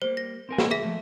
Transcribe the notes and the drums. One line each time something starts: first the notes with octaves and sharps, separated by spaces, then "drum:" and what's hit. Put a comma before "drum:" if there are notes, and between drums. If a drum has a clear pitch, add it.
G3 A#3 C5
A#6
C4 A#4 G#5
drum: snare
C#2 G#4 E5 B6
F3 A3